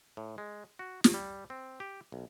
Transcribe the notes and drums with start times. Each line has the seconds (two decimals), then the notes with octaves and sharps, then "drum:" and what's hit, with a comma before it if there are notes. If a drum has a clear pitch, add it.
0.17 A2
0.38 G#3
0.79 F#4
1.04 drum: snare
1.14 G3
1.50 C4
1.80 G4
2.12 B1